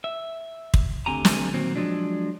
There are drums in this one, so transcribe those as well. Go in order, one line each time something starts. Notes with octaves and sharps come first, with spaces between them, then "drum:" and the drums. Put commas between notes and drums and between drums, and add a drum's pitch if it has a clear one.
E5
drum: kick
D2 D3 C4 G4 G#5 A#5
drum: snare
A#2 D#3 F#3 A#3 C4
F3 F#3 G#3 D4